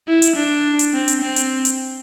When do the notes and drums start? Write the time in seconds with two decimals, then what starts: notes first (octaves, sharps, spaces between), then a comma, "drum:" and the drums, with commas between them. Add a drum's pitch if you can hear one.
0.08 E4
0.22 drum: hi-hat
0.36 D4
0.79 drum: hi-hat
0.94 C4
1.08 drum: hi-hat
1.21 C4
1.36 drum: hi-hat
1.65 drum: hi-hat